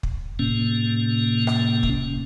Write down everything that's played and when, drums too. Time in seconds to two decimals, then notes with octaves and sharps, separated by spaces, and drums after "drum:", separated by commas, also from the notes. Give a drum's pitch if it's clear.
0.03 drum: kick
0.39 A2 C3 A#3 C#4
1.47 drum: rim click
1.83 drum: kick